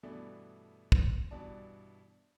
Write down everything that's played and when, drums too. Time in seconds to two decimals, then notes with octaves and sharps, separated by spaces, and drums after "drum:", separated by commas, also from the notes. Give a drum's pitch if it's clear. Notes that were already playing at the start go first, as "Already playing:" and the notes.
0.03 G2 B2 E3 A3 B3 D4
0.92 drum: kick
1.31 G2 B2 E3 D4 D5 A5